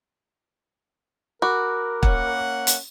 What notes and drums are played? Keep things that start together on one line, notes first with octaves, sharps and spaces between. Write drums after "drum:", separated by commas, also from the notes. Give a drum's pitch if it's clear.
F#4 A#4 B5 D6 F#6
A#3 C#4 F#5, drum: kick
drum: hi-hat